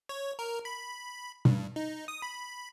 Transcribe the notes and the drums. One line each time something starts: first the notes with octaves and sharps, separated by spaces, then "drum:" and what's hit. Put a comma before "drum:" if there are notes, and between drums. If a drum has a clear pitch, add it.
C#5
A#4
B5
G2, drum: tom B2
D#4
D#6
B5